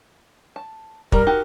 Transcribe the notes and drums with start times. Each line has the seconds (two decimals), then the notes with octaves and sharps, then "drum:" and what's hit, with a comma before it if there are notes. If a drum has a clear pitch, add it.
0.56 A5
1.12 G3 A#4 A#5, drum: kick
1.27 D#4 F#4 G4